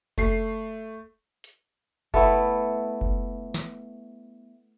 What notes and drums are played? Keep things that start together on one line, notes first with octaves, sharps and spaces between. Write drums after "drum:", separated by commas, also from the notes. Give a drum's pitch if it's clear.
A3 C7, drum: kick F#1
drum: hi-hat
A3 B3 E4, drum: kick F#1
drum: kick F#1
drum: snare